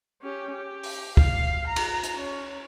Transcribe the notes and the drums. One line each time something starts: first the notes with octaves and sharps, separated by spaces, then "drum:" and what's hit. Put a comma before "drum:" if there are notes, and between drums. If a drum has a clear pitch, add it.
C#4 G4
G4
drum: open hi-hat
F5, drum: kick
A#5
drum: cymbal
drum: hi-hat
C#4